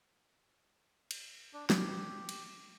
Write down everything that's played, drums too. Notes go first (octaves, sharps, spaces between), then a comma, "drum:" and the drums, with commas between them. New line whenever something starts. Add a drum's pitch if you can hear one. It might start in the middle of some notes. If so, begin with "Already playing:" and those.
drum: cymbal
D4
G4, drum: snare
drum: cymbal